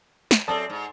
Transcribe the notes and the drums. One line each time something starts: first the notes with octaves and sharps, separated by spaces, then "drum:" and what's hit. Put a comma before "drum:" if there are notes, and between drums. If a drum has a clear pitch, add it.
drum: snare
F#2 C4 A4 D5 A5 D#6
G#2